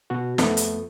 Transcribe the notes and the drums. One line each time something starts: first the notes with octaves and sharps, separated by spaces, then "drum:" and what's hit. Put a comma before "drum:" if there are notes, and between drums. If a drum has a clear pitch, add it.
B2 F#4
F2 F3 A3 B3, drum: snare
drum: hi-hat